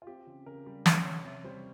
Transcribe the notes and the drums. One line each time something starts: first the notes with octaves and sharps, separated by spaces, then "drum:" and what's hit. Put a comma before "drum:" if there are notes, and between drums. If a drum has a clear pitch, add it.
F4
C4 G4
C#3
C#3 A#4
G3
C#4 E5, drum: snare
C3 C#5
C3 E5
G3 C5